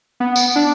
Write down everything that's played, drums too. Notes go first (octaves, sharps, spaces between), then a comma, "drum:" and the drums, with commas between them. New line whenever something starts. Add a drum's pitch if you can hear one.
B3
drum: tambourine
D4